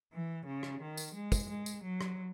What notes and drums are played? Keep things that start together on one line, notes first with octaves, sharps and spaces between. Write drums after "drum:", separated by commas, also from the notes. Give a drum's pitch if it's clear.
E3
C#3
drum: rim click
D#3
drum: tambourine
G#3
drum: kick, tambourine
G#3
drum: tambourine
F#3
drum: rim click